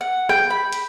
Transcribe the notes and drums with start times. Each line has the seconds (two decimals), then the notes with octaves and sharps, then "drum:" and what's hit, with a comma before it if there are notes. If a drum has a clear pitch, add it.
0.01 F#5
0.29 G5, drum: rim click
0.50 B5
0.72 drum: hi-hat